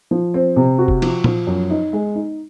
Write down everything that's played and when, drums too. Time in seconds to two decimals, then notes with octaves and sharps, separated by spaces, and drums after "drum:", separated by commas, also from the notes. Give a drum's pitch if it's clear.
0.11 F3
0.34 C4
0.56 C3
0.78 F#4
0.88 drum: kick
1.02 F3, drum: cymbal
1.24 F3, drum: tom A#2
1.47 F#2
1.70 D#4
1.93 G#3
2.15 D#4